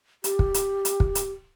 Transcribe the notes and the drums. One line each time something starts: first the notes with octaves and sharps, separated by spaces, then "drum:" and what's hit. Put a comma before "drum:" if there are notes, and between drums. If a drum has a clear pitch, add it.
G4, drum: hi-hat
drum: kick
drum: hi-hat
drum: hi-hat
drum: kick
drum: hi-hat